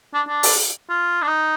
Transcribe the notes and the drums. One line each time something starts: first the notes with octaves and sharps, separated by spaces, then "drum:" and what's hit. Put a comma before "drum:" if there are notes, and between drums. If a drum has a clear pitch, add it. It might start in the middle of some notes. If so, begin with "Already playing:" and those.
D4
D4
drum: open hi-hat
F4
D4
D#4